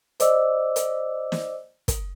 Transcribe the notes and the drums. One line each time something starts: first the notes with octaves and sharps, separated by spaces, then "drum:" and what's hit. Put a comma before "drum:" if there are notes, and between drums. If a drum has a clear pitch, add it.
C5 D5 D#5 D6 E6, drum: hi-hat
drum: hi-hat
drum: snare
drum: kick, hi-hat